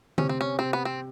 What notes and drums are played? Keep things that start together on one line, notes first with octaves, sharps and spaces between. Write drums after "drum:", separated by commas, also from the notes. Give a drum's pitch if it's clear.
C3 C#4, drum: tom D3
C4
C#4
C3 C4
B3
C4